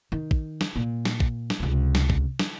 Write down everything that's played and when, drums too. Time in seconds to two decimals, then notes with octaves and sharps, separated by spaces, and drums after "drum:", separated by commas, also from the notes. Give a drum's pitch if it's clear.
0.12 D#3
0.31 drum: kick
0.61 drum: snare
0.76 A#2
1.05 drum: snare
1.20 drum: kick
1.50 drum: snare
1.60 C#2 C3
1.95 drum: snare
2.10 drum: kick
2.39 drum: snare